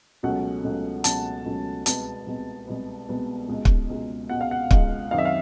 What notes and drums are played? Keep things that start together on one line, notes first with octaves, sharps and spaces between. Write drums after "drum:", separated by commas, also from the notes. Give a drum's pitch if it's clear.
C#2 B2 F#3 A3 C#4 F#5
C#2 B2 F#3 A3 C#4
C#2 B2 F#3 A3 C#4 A5, drum: hi-hat
C#2 B2 F#3 A3 C#4
C2 B2 G#3 B3 A5, drum: hi-hat
C2 B2 G#3 B3
C2 B2 G#3 B3
C2 B2 G#3 B3
C#2 B2 G#3
drum: kick
C#2 B2 G#3
C#2 B2 G#3 F#5
F5
F#5
C#2 B2 G#3, drum: kick
F#2 D#3 G#3 C4 D#4 F5
E5
F5